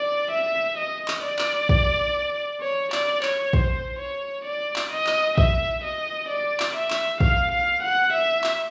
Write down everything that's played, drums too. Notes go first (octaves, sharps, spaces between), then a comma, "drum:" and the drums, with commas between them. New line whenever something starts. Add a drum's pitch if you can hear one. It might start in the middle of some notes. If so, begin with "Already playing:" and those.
Already playing: D5
E5
D#5
drum: clap
D5
drum: clap
drum: kick
C#5
D5, drum: clap
C#5, drum: clap
C5, drum: kick
C#5
D5
drum: clap
D#5
drum: clap
E5, drum: kick
D#5
D5
drum: clap
E5
drum: clap
F5, drum: kick
F5
F#5
E5
drum: clap